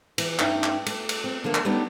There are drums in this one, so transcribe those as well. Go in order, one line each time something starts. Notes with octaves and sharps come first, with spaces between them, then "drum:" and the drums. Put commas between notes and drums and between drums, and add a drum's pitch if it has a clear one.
E3, drum: cymbal
G2 A3 C#4 D#4 G5, drum: clap
drum: clap
A3, drum: cymbal
drum: cymbal
C4
D3 F3 A3 A#3
drum: clap
G3 A3 B3 C#4 D#4 G4